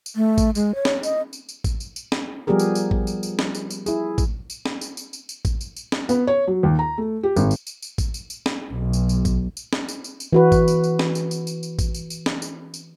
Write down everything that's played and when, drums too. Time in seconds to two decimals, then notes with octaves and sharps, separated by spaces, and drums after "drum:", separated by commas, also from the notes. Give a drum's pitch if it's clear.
0.06 drum: tambourine
0.16 A3
0.38 drum: kick A1, tambourine
0.55 G#3, drum: tambourine
0.75 C#5
0.85 drum: snare
1.03 D#5, drum: tambourine
1.33 drum: tambourine
1.49 drum: tambourine
1.64 drum: kick A1, tambourine
1.80 drum: tambourine
1.96 drum: tambourine
2.12 drum: snare
2.47 F3 G3 B3 G4 G#4 A#4
2.59 drum: tambourine
2.75 drum: tambourine
2.91 drum: kick A1
3.07 drum: tambourine
3.23 drum: tambourine
3.39 drum: snare
3.55 drum: tambourine
3.70 drum: tambourine
3.86 E4 G#4, drum: tambourine
4.18 drum: kick A1, tambourine
4.50 drum: tambourine
4.66 drum: snare
4.81 drum: tambourine
4.97 drum: tambourine
5.13 drum: tambourine
5.29 drum: tambourine
5.45 drum: kick A1, tambourine
5.61 drum: tambourine
5.76 drum: tambourine
5.92 drum: snare
6.09 B3, drum: tambourine
6.27 C#5
6.47 F#3
6.63 D#2
6.79 A#5
6.98 A3
7.23 G4
7.36 G#1, drum: tambourine
7.51 drum: tambourine
7.67 drum: tambourine
7.82 drum: tambourine
7.98 drum: kick A1, tambourine
8.14 drum: tambourine
8.30 drum: tambourine
8.46 drum: snare
8.70 B1
8.93 drum: tambourine
9.09 drum: tambourine
9.25 drum: kick A1, tambourine
9.57 drum: tambourine
9.73 drum: snare
9.88 drum: tambourine
10.04 drum: tambourine
10.20 drum: tambourine
10.33 E3 F#4 B4
10.52 drum: kick A1, tambourine
10.68 drum: tambourine
10.84 drum: tambourine
10.99 drum: snare
11.15 drum: tambourine
11.31 drum: tambourine
11.47 drum: tambourine
11.63 drum: tambourine
11.79 drum: kick A1, tambourine
11.94 drum: tambourine
12.10 drum: tambourine
12.26 drum: snare
12.42 drum: tambourine
12.74 drum: tambourine